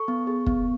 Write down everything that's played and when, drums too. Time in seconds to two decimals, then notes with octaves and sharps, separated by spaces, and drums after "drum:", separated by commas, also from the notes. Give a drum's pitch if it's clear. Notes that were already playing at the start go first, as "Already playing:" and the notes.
Already playing: A4 C#6
0.08 B3
0.27 G#4
0.46 B3, drum: kick